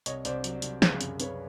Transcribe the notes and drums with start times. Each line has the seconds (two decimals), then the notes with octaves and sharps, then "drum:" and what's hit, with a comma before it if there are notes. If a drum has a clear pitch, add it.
0.06 C2 C#5 D#5, drum: hi-hat
0.25 C2 C5 D5, drum: hi-hat
0.44 F#3, drum: hi-hat
0.62 C2, drum: hi-hat
0.82 C#3, drum: snare
1.01 F#2, drum: hi-hat
1.20 C#3 B4 C#5, drum: hi-hat